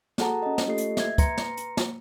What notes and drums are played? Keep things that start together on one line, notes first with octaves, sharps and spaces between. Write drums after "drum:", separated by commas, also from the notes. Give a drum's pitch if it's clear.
F#4 G#4 A4 F#5 A5 A#5, drum: snare
C#4 D#5
drum: snare
A3 F4 G4 A4 D#5 C7
drum: hi-hat
E5 G#6, drum: snare
B4 A#5 C6 A#6 C#7, drum: kick, hi-hat
drum: snare
drum: hi-hat
drum: snare